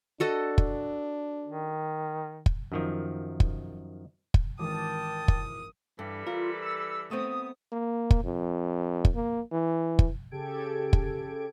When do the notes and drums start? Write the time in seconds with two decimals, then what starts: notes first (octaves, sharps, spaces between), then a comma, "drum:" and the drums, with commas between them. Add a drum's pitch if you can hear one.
0.20 D4 F#4 A4 D#5
0.58 drum: kick
1.47 D#3
2.46 drum: kick
2.72 F#2 D#3 F3
3.40 drum: kick
4.34 drum: kick
4.59 G#1 E3 A#4 G5 A5 D6 D#6
5.28 drum: kick
5.99 G2 E3 G3 A4
6.27 F4 A#4
6.62 E6
7.11 A3 B3 C4 D#6
7.72 A#3
8.11 drum: kick
8.24 F2
9.05 drum: kick
9.15 A#3
9.52 E3
9.99 drum: kick
10.31 C#3 G4 A4 G#6 D7
10.93 drum: kick